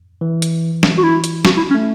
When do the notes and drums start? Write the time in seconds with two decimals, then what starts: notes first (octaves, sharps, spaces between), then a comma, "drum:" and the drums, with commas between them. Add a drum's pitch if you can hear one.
0.21 E3
0.42 drum: hi-hat
0.83 drum: snare
0.98 F#4
1.03 E4
1.24 drum: hi-hat
1.45 F#4, drum: snare
1.57 E4
1.71 C#4
1.74 A3